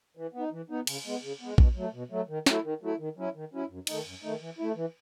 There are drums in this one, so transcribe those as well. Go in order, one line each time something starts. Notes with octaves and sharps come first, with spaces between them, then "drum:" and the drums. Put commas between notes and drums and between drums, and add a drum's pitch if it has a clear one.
E3
B3
D#4
E3
B3 D#4
C#3, drum: cymbal
G#3 B3
C#3
G#3 B3
B2, drum: kick A#1
F#3 A3
B2
F#3 A3
D#3
F#3 A3 E4, drum: snare
D#3
F#3 A3 E4
D#3
F#3 C#4 E4
D#3
F#3 C#4 E4
F#2
D#3 A3 D#4, drum: cymbal
F#2
D#3 A3 D#4
E3
A3 E4
E3